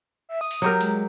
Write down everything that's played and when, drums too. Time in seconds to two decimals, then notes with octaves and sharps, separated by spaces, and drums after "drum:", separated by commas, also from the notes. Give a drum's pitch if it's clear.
0.29 E5
0.41 D#6
0.51 drum: open hi-hat
0.62 F#3 G4 A#4
0.81 G#3, drum: open hi-hat